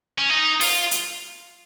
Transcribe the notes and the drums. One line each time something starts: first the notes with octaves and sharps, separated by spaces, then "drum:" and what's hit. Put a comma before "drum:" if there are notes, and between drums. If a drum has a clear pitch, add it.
C#4
D#4
F4, drum: open hi-hat
drum: hi-hat